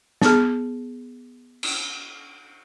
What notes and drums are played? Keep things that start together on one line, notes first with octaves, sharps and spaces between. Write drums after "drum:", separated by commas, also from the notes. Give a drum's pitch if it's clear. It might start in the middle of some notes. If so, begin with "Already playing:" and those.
B3 G#4, drum: snare
drum: cymbal